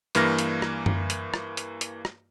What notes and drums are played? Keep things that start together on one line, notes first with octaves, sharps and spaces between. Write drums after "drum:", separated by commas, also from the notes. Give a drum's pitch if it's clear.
G2 E3 A#3 F6 A#6, drum: hi-hat
drum: hi-hat
drum: rim click
drum: tom F#2
drum: hi-hat
drum: rim click
drum: hi-hat
drum: hi-hat
drum: rim click